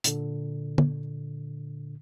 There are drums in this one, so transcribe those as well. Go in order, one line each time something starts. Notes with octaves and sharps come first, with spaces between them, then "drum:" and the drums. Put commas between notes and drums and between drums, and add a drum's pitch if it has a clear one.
A#2 D3, drum: hi-hat
drum: tom